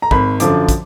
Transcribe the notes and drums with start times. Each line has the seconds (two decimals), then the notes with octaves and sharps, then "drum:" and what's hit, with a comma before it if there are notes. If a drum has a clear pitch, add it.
0.02 A#5
0.11 G#1 B5, drum: kick
0.40 F#2 D3 F3 D6, drum: hi-hat
0.69 drum: kick, hi-hat